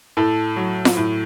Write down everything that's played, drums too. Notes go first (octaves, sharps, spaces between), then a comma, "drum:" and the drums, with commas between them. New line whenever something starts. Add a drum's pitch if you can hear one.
A2 A4
F#3
drum: snare F4
A2